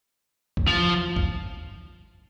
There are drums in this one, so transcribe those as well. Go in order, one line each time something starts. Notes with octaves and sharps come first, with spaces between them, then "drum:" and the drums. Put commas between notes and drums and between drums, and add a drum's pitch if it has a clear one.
drum: kick
F3
drum: kick